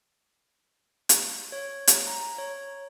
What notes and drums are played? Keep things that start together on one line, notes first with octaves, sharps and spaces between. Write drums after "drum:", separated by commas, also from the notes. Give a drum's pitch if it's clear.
drum: hi-hat
C#5
drum: hi-hat
A#5
C#5